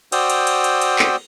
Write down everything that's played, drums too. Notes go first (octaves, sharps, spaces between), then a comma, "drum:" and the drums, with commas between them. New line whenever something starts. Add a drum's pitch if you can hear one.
F#4 C5 D5 G5 D#6 E6, drum: cymbal
drum: cymbal
drum: cymbal
drum: cymbal
drum: cymbal
drum: clap